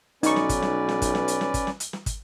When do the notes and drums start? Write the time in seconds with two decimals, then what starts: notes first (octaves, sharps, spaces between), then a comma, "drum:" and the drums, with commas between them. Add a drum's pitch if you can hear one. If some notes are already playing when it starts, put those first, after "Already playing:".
0.23 B1 C#4 D#4 B4 D5 C#6, drum: hi-hat
0.36 drum: snare
0.49 drum: kick, hi-hat
0.62 drum: snare
0.89 drum: snare
1.02 drum: kick, hi-hat
1.15 drum: snare
1.28 drum: hi-hat
1.41 drum: snare
1.54 drum: kick, hi-hat
1.67 drum: snare
1.80 drum: hi-hat
1.93 drum: snare
2.06 drum: kick, hi-hat